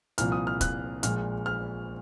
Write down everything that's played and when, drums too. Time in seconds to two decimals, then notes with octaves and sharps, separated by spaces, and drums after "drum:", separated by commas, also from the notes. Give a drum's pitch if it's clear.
0.18 C2 A#2 F3 F6, drum: hi-hat
0.32 D#6
0.47 F6
0.61 F#6, drum: kick, hi-hat
1.03 A#1 A#2 G#3 F6, drum: hi-hat
1.46 F6